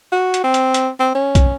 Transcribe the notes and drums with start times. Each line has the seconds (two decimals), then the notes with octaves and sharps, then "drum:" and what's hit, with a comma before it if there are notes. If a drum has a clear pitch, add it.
0.12 F#4
0.34 drum: hi-hat
0.44 C4
0.54 drum: hi-hat
0.74 drum: hi-hat
1.00 C4
1.15 C#4
1.35 drum: kick B1, hi-hat